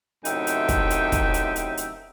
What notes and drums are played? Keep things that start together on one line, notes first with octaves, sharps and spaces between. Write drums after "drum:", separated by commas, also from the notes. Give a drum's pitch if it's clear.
F#2 A2 C3 D#4 E5 G5, drum: hi-hat
drum: hi-hat
drum: kick, hi-hat
drum: hi-hat
drum: kick, hi-hat
drum: hi-hat
drum: hi-hat
drum: hi-hat